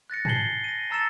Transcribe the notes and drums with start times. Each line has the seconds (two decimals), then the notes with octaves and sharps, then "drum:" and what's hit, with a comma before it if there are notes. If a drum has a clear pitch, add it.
0.10 F#6 A6 A#6 C#7
0.25 G#5 A5 G#6 C7 F#7 G7, drum: tom G#2
0.64 A#6 D#7
0.90 A5 A#5 E6 A6 C#7 E7